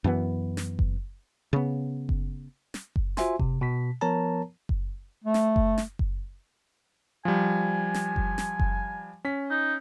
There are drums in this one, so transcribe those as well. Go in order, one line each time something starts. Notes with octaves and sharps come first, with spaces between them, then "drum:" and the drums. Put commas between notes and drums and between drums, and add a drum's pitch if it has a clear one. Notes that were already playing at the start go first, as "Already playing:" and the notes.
F#2 E3 B3
drum: snare
drum: kick F#1
C#3 B3
drum: kick F#1
drum: snare
drum: kick F#1
F4 F#4 C5 E5 G#5 C6, drum: snare
C3, drum: kick F#1
B2 B6
F3 B3 A#4 C#5 A5 A#5
drum: kick F#1
A3
drum: snare
drum: kick F#1
drum: snare
drum: kick F#1
F3 G3 G#5
drum: snare
drum: kick F#1
drum: snare
drum: kick F#1
C#4 B6
D#4